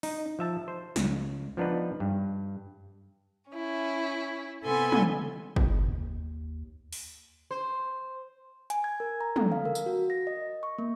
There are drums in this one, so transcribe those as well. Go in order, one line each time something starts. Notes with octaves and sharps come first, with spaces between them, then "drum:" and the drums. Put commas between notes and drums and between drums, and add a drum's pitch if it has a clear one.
D#4, drum: open hi-hat
F3 E5 A5
C5
C#2, drum: snare
F3 B3 D4 D#4 B4
G2
C#4 E4
C3 B3 A4 G#5 C6
drum: tom
drum: kick
D#2
drum: open hi-hat
C5
G#5, drum: hi-hat
G#6
A#4
A#5
A4, drum: tom
F5
A#4
drum: tambourine
F#4
A#6
D#5
C#6
A#3